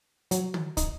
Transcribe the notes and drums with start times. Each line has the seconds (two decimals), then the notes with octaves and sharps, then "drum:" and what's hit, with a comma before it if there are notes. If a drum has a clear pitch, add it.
0.31 F#3, drum: hi-hat
0.54 drum: tom
0.77 D#4, drum: kick, hi-hat